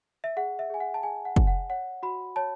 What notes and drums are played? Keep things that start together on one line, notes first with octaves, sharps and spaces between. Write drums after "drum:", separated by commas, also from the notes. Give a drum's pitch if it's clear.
E5
G#4 F#5
E5
G#4 G#5
F#5
A5
G#4 G#5
F#5
D5, drum: kick
F#5
C#5 F#5
F#4 B5
C#5 A5